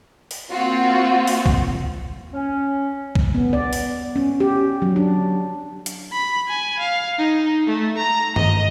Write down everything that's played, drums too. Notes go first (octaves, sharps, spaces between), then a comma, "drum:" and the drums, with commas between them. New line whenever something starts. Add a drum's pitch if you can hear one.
drum: open hi-hat
A#3 C4 F4 F#4
drum: open hi-hat
drum: kick B1
C#4
drum: kick B1
B3
D5
drum: open hi-hat
C#4
G4
F#3
D4
drum: hi-hat
B5
G#5
F5
D#4
A3
A#5
D#5, drum: tom G2